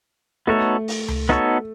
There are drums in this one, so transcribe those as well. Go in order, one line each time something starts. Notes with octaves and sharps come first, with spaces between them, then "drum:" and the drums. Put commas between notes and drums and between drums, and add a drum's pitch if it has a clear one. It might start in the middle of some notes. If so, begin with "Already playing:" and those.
A3 B3 D#4 F#4 A4 C#5
drum: open hi-hat
drum: tom C#2
B3 D#4 F#4 A4 C#5